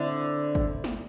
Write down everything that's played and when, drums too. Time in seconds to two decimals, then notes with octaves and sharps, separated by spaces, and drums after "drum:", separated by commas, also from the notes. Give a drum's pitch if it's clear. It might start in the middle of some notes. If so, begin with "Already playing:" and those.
Already playing: D3 C4 E4
0.55 drum: kick G1
0.84 drum: snare